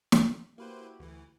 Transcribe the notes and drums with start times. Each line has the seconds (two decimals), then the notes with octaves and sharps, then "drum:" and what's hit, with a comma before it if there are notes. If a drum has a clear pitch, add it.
0.12 drum: snare
0.58 A#3 E4 F#4 G4 B4 C5
1.00 D2 E3